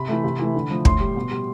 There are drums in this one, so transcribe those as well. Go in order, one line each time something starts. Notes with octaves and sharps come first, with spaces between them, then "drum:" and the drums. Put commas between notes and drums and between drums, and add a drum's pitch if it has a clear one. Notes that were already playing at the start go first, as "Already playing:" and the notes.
Already playing: C3 B5
E3 A3
C3
E3 A3
D3
F3 A3
A2 C6, drum: kick
G3
B2
G3